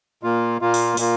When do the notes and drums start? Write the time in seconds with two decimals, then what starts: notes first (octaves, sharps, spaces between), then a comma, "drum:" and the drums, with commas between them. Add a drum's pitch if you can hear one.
0.23 A#2 A#3 F4
0.61 A#2 A#3 F4
0.74 drum: open hi-hat
0.97 A#2 A#3 F4, drum: open hi-hat